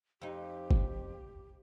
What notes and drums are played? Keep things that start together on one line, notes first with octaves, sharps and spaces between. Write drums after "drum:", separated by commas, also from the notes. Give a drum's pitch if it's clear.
F2 D#4 G4
drum: kick